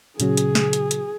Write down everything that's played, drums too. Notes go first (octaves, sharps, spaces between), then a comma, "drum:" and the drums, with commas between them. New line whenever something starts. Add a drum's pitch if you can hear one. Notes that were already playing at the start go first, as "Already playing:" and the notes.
A#2 C#3 F#3 G#4, drum: hi-hat
drum: hi-hat
drum: snare
drum: hi-hat
drum: hi-hat